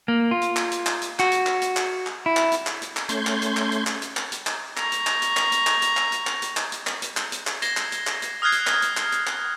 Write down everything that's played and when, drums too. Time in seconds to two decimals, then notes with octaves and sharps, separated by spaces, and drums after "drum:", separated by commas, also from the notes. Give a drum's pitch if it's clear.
0.08 A#3
0.31 F4
0.41 drum: hi-hat
0.57 drum: clap
0.72 drum: hi-hat
0.87 drum: clap
1.02 drum: hi-hat
1.19 F#4, drum: clap
1.32 drum: hi-hat
1.47 drum: clap
1.62 drum: hi-hat
1.77 drum: clap
2.07 drum: clap
2.26 E4
2.37 drum: clap
2.52 drum: hi-hat
2.67 drum: clap
2.82 drum: hi-hat
2.97 drum: clap
3.09 A3 C#4 C6 G6 G#6, drum: hi-hat
3.27 drum: clap
3.42 drum: hi-hat
3.57 drum: clap
3.72 drum: hi-hat
3.87 drum: clap
4.02 drum: hi-hat
4.17 drum: clap
4.32 drum: hi-hat
4.47 drum: clap
4.77 A#5 C#6, drum: clap
4.92 drum: hi-hat
5.07 drum: clap
5.22 drum: hi-hat
5.37 drum: clap
5.52 drum: hi-hat
5.67 drum: clap
5.82 drum: hi-hat
5.97 drum: clap
6.12 drum: hi-hat
6.27 drum: clap
6.42 drum: hi-hat
6.57 drum: clap
6.72 drum: hi-hat
6.87 drum: clap
7.02 drum: hi-hat
7.17 drum: clap
7.32 drum: hi-hat
7.47 drum: clap
7.62 G#6 A#6 C7 E7 G7, drum: hi-hat
7.77 drum: clap
7.92 drum: hi-hat
8.07 drum: clap
8.22 drum: hi-hat
8.42 D#6 F6 F#6 G#6 C7
8.52 drum: hi-hat
8.67 drum: clap
8.82 drum: hi-hat
8.97 drum: clap
9.12 drum: hi-hat
9.27 drum: clap